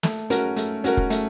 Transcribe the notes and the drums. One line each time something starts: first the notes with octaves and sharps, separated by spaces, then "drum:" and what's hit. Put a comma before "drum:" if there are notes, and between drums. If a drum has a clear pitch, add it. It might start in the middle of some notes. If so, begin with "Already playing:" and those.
A3, drum: snare
C#4 F#4 A#4, drum: hi-hat
A3, drum: hi-hat
C#4 F#4 A#4, drum: hi-hat
drum: kick
A3, drum: hi-hat